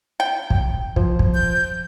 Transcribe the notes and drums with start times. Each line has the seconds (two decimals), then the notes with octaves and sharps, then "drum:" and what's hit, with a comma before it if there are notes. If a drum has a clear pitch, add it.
0.20 G5
0.50 drum: kick
0.96 F3 C5, drum: kick
1.19 drum: kick
1.35 G6